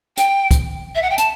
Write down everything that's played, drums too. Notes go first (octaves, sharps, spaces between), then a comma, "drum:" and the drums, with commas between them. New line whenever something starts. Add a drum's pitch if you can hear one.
G5, drum: hi-hat
drum: kick, hi-hat
E5
F#5
G5
A5, drum: hi-hat